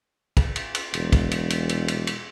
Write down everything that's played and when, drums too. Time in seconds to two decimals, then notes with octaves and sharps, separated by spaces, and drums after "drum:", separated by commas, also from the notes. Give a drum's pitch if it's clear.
0.37 drum: kick, cymbal
0.56 drum: cymbal
0.75 drum: cymbal
0.94 E1, drum: cymbal
1.12 drum: kick, cymbal
1.31 drum: cymbal
1.50 drum: cymbal
1.69 drum: cymbal
1.88 drum: cymbal
2.07 drum: cymbal